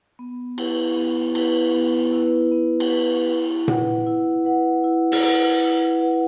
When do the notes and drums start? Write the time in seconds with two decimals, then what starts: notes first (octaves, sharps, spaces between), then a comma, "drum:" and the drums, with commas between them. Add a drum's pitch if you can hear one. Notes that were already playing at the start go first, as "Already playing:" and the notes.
0.19 B3
0.58 E4 B4, drum: cymbal
0.97 B3
1.35 E4 B4, drum: cymbal
1.74 B3
2.12 E4 B4
2.52 B3
2.80 drum: cymbal
2.90 E4 B4
3.29 E4
3.68 B4 F#5, drum: tom A#2
4.06 E4
4.45 B4 F#5
4.84 E4
5.12 drum: open hi-hat
5.23 B4 F#5
5.61 E4
6.00 B4 F#5